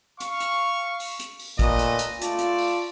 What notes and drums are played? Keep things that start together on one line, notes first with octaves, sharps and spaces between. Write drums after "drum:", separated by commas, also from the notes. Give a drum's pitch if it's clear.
F5 C#6, drum: hi-hat
drum: hi-hat
drum: open hi-hat
drum: hi-hat
drum: open hi-hat
A#2 A3 B4 D#5, drum: kick A1, hi-hat
drum: hi-hat
drum: hi-hat
A3 F4 D5 A5, drum: hi-hat
drum: hi-hat
drum: open hi-hat